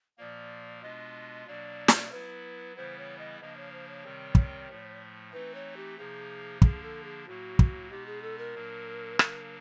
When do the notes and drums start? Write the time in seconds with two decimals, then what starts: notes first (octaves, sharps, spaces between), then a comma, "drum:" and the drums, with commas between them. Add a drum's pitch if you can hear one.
0.18 A#2 F3 A#3 D5
0.82 B2 G#3 B3 D4 F4 D#5
1.47 B2 F#3 A#3 D4 D5
1.88 drum: snare
2.12 F#3 B3 E4 B4
2.76 C#3 E3 G3 B3 E4 C5
2.98 C#5
3.18 D#5
3.40 C#3 F3 A#3 D4 D#5
3.57 C#5
3.72 C5
3.88 C#5
4.04 C3 D#3 G3 C4
4.35 drum: kick
4.69 A2 F3 A3
5.32 E3 A3 C4 D#4 B4
5.54 C#5
5.76 G4
5.97 C3 F3 A#3 D#4 G#4
6.62 D3 F3 A#3 D4 G#4, drum: kick
6.83 A4
7.04 G#4
7.26 A2 F#3 A#3 F#4
7.59 drum: kick
7.90 B2 G#3 B3 D#4 G4
8.06 G#4
8.22 A4
8.38 A#4
8.55 A#2 F#3 A#3 D4
9.19 C#3 F#3 A#3 D4, drum: rim click